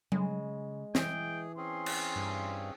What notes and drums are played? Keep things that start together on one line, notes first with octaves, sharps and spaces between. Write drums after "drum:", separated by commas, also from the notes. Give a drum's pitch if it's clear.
C#3 G#3, drum: tom F#3
E3 G#4 G5, drum: snare
C4 C#4 G#4 C6
drum: cymbal
G2